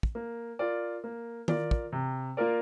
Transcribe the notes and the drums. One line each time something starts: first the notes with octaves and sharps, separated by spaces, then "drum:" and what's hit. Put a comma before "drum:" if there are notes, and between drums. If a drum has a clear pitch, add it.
drum: kick
A#3
F4 A#4 D5
A#3
F4 A#4 D5, drum: tom D#3
drum: kick
C3
A#3 F4 A#4 D5